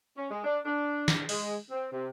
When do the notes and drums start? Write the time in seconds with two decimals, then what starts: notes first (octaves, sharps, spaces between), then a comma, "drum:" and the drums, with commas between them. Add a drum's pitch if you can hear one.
0.17 C#4
0.31 G#3
0.44 D4
0.65 D4
1.08 drum: snare
1.29 G#3, drum: open hi-hat
1.71 C4
1.92 C3